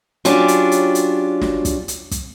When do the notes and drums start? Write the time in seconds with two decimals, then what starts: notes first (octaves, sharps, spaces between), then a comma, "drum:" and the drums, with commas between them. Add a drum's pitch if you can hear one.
0.25 F#3 C#4 D4 F4 G4, drum: hi-hat
0.48 drum: hi-hat
0.72 drum: hi-hat
0.95 drum: hi-hat
1.41 drum: snare
1.65 drum: kick, hi-hat
1.88 drum: hi-hat
2.11 drum: kick, hi-hat